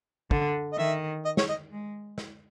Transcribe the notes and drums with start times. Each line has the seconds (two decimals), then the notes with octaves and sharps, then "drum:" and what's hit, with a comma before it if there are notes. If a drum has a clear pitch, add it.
0.31 D3, drum: kick
0.72 D#5
0.78 D#3 E5
1.25 D#5
1.37 C#5, drum: snare
1.49 D#5
1.72 G#3
2.18 drum: snare